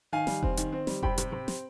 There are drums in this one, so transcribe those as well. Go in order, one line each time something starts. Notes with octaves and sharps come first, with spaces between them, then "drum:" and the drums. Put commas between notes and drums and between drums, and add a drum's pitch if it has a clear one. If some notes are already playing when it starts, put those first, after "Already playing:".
D#3 F5 G#5
G3, drum: snare
C4, drum: kick F1
D#3, drum: hi-hat
C4
G3, drum: snare
C3 G5 B5, drum: kick F1
C3, drum: hi-hat
C3
C4, drum: snare